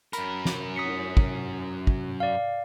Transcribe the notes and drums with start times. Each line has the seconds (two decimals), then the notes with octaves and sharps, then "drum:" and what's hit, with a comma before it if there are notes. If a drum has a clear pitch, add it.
0.13 F#2 A#4 B5, drum: hi-hat
0.45 drum: snare
0.76 D#6 B6 C#7
0.85 drum: cymbal
1.17 drum: kick
1.87 drum: kick
2.20 D5 F5